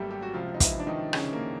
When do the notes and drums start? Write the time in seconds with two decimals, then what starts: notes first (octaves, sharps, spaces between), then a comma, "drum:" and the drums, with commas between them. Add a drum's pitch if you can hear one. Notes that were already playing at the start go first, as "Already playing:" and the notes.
Already playing: G#1 F#2 G3 A3 A#3 G4 A4
0.11 G4
0.22 F#4
0.34 C#2 C3 F3 F4
0.54 D#4
0.60 E3 E4, drum: kick, hi-hat
0.80 D4
0.87 D#3 D#4
1.13 C#3 C#4, drum: rim click
1.33 A#3